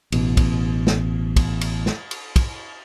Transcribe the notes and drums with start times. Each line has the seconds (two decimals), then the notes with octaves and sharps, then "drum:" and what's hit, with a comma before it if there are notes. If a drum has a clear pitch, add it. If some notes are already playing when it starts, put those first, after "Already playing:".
0.12 A1 B2, drum: cymbal
0.37 drum: kick, cymbal
0.87 drum: snare
1.36 drum: kick, cymbal
1.61 drum: cymbal
1.86 drum: snare
2.11 drum: cymbal
2.36 drum: kick, cymbal